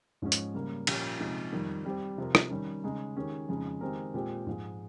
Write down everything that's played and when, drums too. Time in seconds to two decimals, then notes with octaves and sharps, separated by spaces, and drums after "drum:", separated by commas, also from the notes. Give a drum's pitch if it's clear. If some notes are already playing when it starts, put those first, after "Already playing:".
0.22 G#2 F3 G#3 C#4
0.32 drum: hi-hat
0.54 C#3 G3 A#3
0.87 A#2 F3 A#3 C#4 G4, drum: cymbal
1.20 C3 F3 G#3 D#4
1.52 F2 D#3 G3
1.85 G3 C4 G4 C5
2.18 C3 F3 C4 G4 A#4
2.35 drum: rim click
2.50 D#3 G3 C#4
2.84 C#3 G#3 D#4
3.16 D#3 G#3 C#4 G4
3.49 F2 C#3 G#3 D#4
3.81 D#3 G#3 C4 G4 A#4
4.14 A#2 G#3 C4 G4
4.47 G#2 F3 G#3